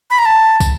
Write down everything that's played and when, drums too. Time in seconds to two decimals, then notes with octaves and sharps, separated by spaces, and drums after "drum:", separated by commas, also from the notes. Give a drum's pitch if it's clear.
0.10 B5
0.18 A#5
0.26 A5
0.60 drum: kick, tambourine